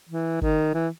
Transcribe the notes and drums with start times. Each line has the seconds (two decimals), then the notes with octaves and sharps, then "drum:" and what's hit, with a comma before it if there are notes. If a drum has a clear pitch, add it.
0.09 E3
0.42 D#3, drum: kick
0.74 E3